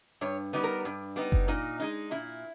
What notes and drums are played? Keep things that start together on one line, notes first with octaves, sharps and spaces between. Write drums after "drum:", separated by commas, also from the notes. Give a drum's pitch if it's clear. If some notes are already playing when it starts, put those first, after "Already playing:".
G2 C#5
G3 B3 D#4
A#4
G2
G3 B3 D#4
drum: kick F#1
A#2 D#4
G#3 D#4
A#2 E4